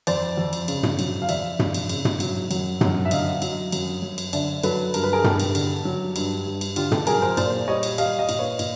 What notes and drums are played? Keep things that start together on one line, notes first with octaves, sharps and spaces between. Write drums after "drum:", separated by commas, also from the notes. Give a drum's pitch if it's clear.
F2 C5 D5, drum: cymbal
F2
drum: cymbal
C#3, drum: cymbal
drum: tom
F#3, drum: cymbal
F5
F2 D5 E5, drum: cymbal
F2, drum: tom
drum: cymbal
C#3, drum: cymbal
drum: tom
F#3, drum: cymbal
F#2, drum: cymbal
F#2, drum: tom
E5
D3 D#5 F5, drum: cymbal
F#3, drum: cymbal
F#2, drum: cymbal
F#2
drum: cymbal
D3 D5 E5, drum: cymbal
F#3 A4 B4, drum: cymbal
G2 A#4, drum: cymbal
B4
G#4 A#4
G2 G4 A4, drum: tom
drum: cymbal
D3, drum: cymbal
F#3
G2, drum: cymbal
G2
drum: cymbal
D3 F4 G4, drum: cymbal
G4 A4, drum: tom
F#3 G#4 A#4, drum: cymbal
A#4 C5
A#2 C5 D5, drum: cymbal
G3 C#5 D#5
drum: cymbal
G3 D#5 F5, drum: cymbal
D#5 F5
A#2, drum: cymbal
B4 C#5
A#2, drum: cymbal